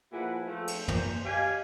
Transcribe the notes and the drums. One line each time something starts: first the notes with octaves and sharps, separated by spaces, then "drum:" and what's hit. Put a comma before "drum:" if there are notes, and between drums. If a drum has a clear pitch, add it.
A#2 F3 E4 G#4 B4 F#5
F3 A3 C4
drum: cymbal
A#2 C5, drum: tom
G4 D#5 F5 G#5